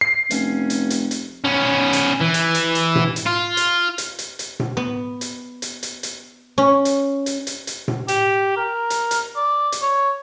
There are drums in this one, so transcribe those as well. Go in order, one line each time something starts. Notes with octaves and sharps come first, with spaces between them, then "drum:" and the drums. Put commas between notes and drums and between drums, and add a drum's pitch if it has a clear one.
C7
F1 C#4, drum: hi-hat
drum: hi-hat
drum: hi-hat
drum: hi-hat
B3 C#4
drum: hi-hat
E3
drum: hi-hat
drum: hi-hat
drum: hi-hat
drum: tom A2
drum: hi-hat
F4
drum: hi-hat
drum: hi-hat
drum: hi-hat
drum: hi-hat
drum: tom A2
B3
drum: hi-hat
drum: hi-hat
drum: hi-hat
drum: hi-hat
C#4
drum: hi-hat
drum: hi-hat
drum: hi-hat
drum: hi-hat
drum: tom A2
G4, drum: hi-hat
A#4
drum: hi-hat
drum: hi-hat
D5
drum: hi-hat
C#5